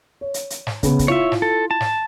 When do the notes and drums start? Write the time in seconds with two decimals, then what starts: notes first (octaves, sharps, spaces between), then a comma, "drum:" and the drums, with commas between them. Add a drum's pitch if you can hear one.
0.21 C#5
0.34 drum: hi-hat
0.50 drum: hi-hat
0.67 drum: snare
0.83 C#3 B3, drum: kick, hi-hat
0.99 drum: kick, hi-hat
1.08 E4 F4 C#5 E5
1.32 drum: snare
1.42 A4
1.71 A5
1.80 drum: snare